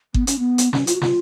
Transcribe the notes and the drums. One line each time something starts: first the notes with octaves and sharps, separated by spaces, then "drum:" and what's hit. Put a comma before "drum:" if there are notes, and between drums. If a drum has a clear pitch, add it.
B3, drum: kick G1
C#4, drum: hi-hat
B3
drum: hi-hat
C#4, drum: snare
F4, drum: hi-hat
F#4
F4, drum: snare